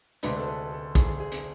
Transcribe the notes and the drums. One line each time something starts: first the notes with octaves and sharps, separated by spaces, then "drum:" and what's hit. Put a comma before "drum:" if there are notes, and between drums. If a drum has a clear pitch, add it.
D2 C3 G#3 D4 B4, drum: hi-hat
A4
B4
A4
G#4, drum: kick, hi-hat
G#4
drum: hi-hat